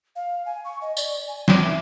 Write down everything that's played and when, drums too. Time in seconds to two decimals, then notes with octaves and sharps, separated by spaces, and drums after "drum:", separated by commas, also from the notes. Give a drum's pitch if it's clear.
0.16 F5
0.46 G#5
0.65 C#6
0.82 D#5
0.97 D5, drum: tambourine
1.27 G#5
1.48 D6, drum: snare
1.63 E5